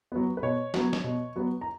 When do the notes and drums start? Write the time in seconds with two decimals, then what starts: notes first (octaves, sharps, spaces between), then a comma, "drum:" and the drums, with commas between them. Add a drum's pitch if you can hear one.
0.12 F#3 B3
0.37 B4
0.43 B2 C#5
0.74 F#3 B3, drum: snare
0.93 drum: snare
1.04 B2
1.36 F#3 B3
1.61 A#5